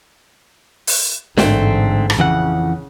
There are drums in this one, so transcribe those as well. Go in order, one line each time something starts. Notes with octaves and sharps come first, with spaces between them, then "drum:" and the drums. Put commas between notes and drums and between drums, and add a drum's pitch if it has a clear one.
drum: open hi-hat
A1 G#2 D3 A3 C4, drum: snare
drum: rim click
F2 C#3 E3 F#5